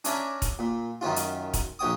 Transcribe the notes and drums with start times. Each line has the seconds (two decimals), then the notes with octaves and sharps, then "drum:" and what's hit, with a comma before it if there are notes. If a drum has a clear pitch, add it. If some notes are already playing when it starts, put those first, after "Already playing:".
0.04 C#4 D4 C#5 E5 G#5 A#5, drum: hi-hat
0.42 drum: kick E1, hi-hat
0.59 A#2
1.01 F#2 D#3 C#4 F4
1.16 drum: hi-hat
1.54 drum: kick E1, hi-hat
1.79 A#1 C#5 G5 D#6